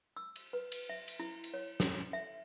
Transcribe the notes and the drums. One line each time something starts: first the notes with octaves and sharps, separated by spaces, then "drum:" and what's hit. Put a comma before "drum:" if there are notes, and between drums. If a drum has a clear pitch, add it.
E6
drum: cymbal
B4
drum: cymbal
E5
drum: cymbal
E4
drum: cymbal
C#5
A4, drum: snare
E5